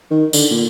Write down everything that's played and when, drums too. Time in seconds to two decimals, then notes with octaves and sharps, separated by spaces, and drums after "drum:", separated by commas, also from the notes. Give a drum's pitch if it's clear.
0.11 D#3
0.33 D3, drum: tambourine
0.51 A#2